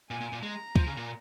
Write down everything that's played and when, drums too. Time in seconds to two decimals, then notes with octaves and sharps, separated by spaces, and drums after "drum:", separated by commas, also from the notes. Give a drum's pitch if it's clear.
0.10 A#2 G#5
0.21 A#2
0.33 A#2
0.43 G#3 A#5
0.76 F3, drum: kick
0.87 C#3
0.97 A#2